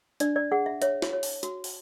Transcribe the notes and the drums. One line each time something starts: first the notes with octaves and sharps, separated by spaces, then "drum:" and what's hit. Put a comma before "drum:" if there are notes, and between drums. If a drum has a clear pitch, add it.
D4 D5, drum: hi-hat
D5
G#4 F#5
E5
C#5 E5, drum: hi-hat
drum: snare
C#5
drum: open hi-hat
F#4, drum: hi-hat
drum: open hi-hat